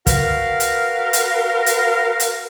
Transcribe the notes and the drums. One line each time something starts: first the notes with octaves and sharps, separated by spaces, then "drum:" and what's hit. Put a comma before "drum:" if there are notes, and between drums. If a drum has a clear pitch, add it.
F#4 A#4 B4 F5, drum: kick, hi-hat
drum: hi-hat
drum: hi-hat
drum: hi-hat
drum: hi-hat